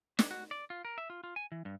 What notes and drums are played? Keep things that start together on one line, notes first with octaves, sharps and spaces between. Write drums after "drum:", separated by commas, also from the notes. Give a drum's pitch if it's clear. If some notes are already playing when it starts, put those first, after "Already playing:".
D4, drum: snare
F#4
D5
F4
A#4
E5
F4
F4
G#5
E3
G2